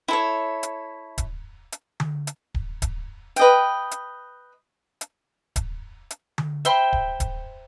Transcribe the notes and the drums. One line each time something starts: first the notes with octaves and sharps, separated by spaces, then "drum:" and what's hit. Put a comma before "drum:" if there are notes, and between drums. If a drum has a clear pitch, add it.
E4 A4 C#5
drum: hi-hat
drum: kick D1, hi-hat
drum: hi-hat
drum: tom D3
drum: hi-hat
drum: kick D1
drum: kick D1, hi-hat
B4 D#5 G5, drum: hi-hat
drum: hi-hat
drum: hi-hat
drum: kick D1, hi-hat
drum: hi-hat
drum: tom D3
C5 E5 G5 B5, drum: hi-hat
drum: kick D1
drum: kick D1, hi-hat